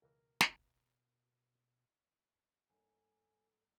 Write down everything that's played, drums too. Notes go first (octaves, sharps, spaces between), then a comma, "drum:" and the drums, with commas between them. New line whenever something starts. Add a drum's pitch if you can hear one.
C#2 B2 E3 A#4
drum: snare
G1 A#3 D#4 A4 G#5